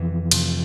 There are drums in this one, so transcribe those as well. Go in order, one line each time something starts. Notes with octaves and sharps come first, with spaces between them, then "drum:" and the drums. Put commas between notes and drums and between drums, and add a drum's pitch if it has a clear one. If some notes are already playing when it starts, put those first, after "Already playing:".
Already playing: F2 C3 E3
F2 C3, drum: cymbal